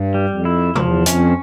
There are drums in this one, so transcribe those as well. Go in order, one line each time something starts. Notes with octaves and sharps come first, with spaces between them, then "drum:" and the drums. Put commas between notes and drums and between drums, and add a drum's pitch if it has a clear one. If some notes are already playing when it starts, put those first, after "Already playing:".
Already playing: G2
G3
F2
E4
E2 F3, drum: tom C3
F2 C#4, drum: hi-hat